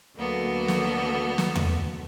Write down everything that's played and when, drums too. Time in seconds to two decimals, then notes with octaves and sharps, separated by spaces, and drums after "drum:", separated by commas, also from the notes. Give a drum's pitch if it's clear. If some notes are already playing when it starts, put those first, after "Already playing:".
0.16 D2 F#3 A#3 B3 A4
0.68 drum: snare
1.38 drum: snare
1.55 drum: tom E2